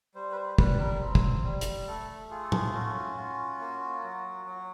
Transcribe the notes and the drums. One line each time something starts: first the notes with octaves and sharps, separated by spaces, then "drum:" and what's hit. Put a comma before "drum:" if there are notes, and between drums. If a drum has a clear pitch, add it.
G3 C5
B4
C5
G3 B4, drum: kick
A#4
C4
drum: kick
G3
drum: hi-hat
A3 A4
F4 G#4
A4
G#4, drum: tom
C#4 F#4
F4
A#3
F#3
F#3